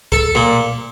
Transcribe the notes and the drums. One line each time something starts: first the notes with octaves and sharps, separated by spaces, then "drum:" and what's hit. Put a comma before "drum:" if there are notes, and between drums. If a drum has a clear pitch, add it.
A4, drum: kick
A#2